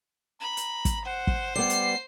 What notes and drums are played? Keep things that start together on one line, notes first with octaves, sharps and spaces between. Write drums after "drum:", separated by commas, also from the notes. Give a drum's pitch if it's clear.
A#5 B5
drum: hi-hat
drum: kick, hi-hat
C5 F#5
drum: kick
G3 B3 D6 C7
drum: hi-hat